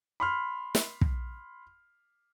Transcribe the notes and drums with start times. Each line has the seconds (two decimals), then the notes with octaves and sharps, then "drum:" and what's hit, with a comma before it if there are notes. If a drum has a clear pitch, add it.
0.20 B5 C6 F6
0.75 drum: snare
1.01 drum: kick